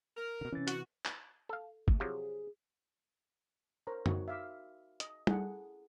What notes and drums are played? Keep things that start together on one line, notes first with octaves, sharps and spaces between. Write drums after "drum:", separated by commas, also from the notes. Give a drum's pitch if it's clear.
A#4
B2 D3
C3 E3 C#4 A6
F#4, drum: hi-hat
drum: clap
A4 F5
A3, drum: kick G1
C3 F3 F#3 G#4
A#4 C5 C#5 A#5
D#4 F#4 C#5, drum: tom F#2
E5 F5 D6
D#5, drum: hi-hat
E4 G#4 A4 F#5, drum: tom